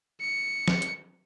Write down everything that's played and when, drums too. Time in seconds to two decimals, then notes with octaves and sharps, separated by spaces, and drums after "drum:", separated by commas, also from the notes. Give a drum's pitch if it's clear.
0.21 C#7
0.68 drum: snare
0.82 drum: hi-hat